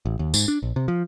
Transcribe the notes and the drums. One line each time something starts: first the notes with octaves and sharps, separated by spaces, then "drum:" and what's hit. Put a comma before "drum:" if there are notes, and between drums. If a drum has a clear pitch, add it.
A1
D#2
G#2, drum: tambourine
D4
A#1
C3
F3